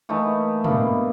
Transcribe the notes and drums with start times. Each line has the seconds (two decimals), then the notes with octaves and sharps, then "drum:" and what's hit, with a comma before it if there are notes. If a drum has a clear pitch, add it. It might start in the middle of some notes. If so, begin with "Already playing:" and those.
0.09 E3 A3 A#3 D#4
0.64 G2 B2 A#3 E4, drum: tom